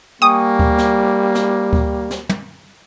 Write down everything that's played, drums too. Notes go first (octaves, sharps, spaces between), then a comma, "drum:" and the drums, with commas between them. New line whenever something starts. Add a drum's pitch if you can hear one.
G3 A#3 G5 G#5 C#6 D#6
drum: kick D2
drum: snare
drum: snare
drum: kick D2
drum: snare
drum: tom